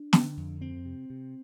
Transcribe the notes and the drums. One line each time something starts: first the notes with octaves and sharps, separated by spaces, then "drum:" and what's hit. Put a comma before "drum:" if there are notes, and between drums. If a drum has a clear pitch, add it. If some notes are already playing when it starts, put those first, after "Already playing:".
Already playing: D4
D3, drum: snare
F2
D2 C4
C3
C3